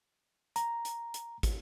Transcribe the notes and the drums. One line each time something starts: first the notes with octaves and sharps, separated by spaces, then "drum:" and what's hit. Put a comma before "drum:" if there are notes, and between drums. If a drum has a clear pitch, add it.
A#5, drum: hi-hat
drum: hi-hat
drum: hi-hat
drum: kick, hi-hat